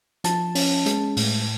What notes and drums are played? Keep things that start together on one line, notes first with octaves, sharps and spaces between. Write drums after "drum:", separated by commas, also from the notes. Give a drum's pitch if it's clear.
F3 A5, drum: hi-hat
C#4, drum: open hi-hat
G#3, drum: hi-hat
A2, drum: open hi-hat